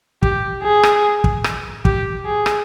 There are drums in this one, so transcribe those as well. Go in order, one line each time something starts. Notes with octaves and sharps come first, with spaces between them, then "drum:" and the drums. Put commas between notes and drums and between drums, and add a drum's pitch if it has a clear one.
G4, drum: kick
G#4
drum: rim click
drum: kick
drum: rim click
G4, drum: kick
G#4
drum: rim click